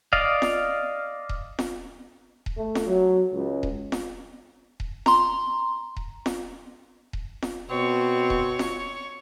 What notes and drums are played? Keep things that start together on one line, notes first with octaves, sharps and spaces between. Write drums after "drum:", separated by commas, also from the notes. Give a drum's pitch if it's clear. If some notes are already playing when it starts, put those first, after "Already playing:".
D5 D#5 F5, drum: kick D#1
drum: snare
drum: kick D#1
drum: snare
drum: kick D#1
A3
drum: snare
F#3
C#2
drum: kick D#1
drum: snare
drum: kick D#1
A#5 C6, drum: snare
drum: kick D#1
drum: snare
drum: kick D#1
drum: snare
B2 C4 C#5
drum: kick D#1
drum: snare